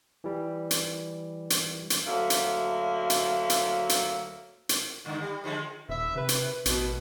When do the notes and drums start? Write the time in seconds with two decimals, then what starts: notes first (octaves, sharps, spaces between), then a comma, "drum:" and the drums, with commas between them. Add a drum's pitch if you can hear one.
0.24 E3 G3
0.71 drum: hi-hat
1.50 drum: hi-hat
1.90 drum: hi-hat
2.07 D2 F#3 A#3 E5
2.30 drum: hi-hat
3.10 drum: hi-hat
3.50 drum: hi-hat
3.89 drum: hi-hat
4.69 drum: hi-hat
5.05 G2 D3 D#3
5.21 G3
5.44 D3 F3 G#3
5.89 D#1 B4 E5
6.16 C3 B4
6.29 drum: hi-hat
6.66 A1 B2, drum: hi-hat